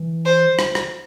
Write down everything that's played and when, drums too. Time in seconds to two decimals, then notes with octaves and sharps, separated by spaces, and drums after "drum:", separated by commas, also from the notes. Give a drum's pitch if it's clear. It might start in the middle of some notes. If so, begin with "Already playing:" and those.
Already playing: E3
0.25 C5
0.59 drum: rim click
0.75 drum: rim click